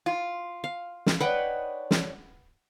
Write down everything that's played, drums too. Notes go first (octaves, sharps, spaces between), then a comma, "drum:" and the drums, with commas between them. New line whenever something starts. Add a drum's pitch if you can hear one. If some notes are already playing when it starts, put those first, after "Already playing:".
F4
F5
drum: snare
D4 D#4 B4 C#5 F#5 G5
drum: snare